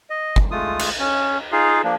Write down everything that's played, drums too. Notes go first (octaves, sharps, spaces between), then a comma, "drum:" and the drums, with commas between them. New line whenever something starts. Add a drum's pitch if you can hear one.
D#5
drum: kick G1
G#3 A3 F4 D#6
drum: cymbal
C#4
D#4 F4 G#4 F5
F3 A#3 D4